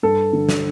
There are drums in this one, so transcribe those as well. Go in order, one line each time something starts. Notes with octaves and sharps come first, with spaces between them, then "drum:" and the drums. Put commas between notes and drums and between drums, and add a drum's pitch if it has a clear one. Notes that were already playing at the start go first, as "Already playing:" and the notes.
G2 A4
D3
drum: snare